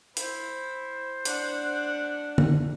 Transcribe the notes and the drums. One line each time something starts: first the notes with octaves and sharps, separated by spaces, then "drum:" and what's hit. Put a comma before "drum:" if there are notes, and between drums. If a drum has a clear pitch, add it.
E4 C5, drum: hi-hat
D4 F#5, drum: hi-hat
drum: tom D3